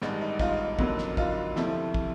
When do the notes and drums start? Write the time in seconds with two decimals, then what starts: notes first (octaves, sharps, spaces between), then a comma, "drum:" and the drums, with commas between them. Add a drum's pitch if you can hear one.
0.02 A1 G2 D#3 G#3, drum: snare
0.21 D#4
0.40 D#4 F4, drum: kick
0.79 F2 D3 F#3 A#3, drum: kick
0.98 drum: snare
1.17 D#4 F4, drum: kick
1.56 D2 C3 F3 A3 E4, drum: snare
1.94 drum: kick